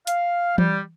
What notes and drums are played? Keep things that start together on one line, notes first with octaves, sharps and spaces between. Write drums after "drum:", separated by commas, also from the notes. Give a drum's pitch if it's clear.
F5, drum: hi-hat
G3, drum: tom E3